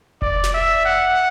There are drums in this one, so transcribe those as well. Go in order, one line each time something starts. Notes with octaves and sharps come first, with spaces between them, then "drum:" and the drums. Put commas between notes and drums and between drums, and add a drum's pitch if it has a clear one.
D5, drum: kick F1
drum: snare
E5
F#5